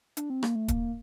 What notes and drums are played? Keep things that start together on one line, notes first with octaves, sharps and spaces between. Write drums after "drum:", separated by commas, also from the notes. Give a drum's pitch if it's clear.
D4, drum: hi-hat
C4
A#3, drum: rim click
A3
A#3, drum: kick, hi-hat